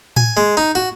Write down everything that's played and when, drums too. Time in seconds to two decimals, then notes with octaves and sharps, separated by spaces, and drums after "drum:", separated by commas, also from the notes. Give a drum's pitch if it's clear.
0.17 G#5, drum: tom A2
0.37 G#3
0.57 D#4
0.75 F#4